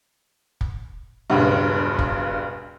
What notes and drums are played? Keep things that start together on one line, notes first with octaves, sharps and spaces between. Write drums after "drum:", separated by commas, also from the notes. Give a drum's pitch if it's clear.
drum: kick
E1 C#2 G2
drum: kick